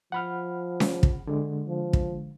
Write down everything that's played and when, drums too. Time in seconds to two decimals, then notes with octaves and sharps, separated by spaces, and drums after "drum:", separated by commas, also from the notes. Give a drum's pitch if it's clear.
0.12 F3 F#5 B5 F6
0.80 drum: snare C#4
1.03 drum: kick
1.27 D3 G#3
1.68 F3
1.93 drum: kick